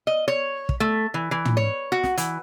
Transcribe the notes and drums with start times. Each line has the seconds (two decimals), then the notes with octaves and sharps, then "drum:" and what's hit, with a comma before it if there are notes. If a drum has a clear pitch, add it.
0.07 D#5
0.28 C#5
0.69 drum: kick
0.80 A3
1.14 E3
1.31 E3
1.45 drum: tom
1.57 C#5
1.92 F#4
2.03 drum: snare
2.17 E3, drum: hi-hat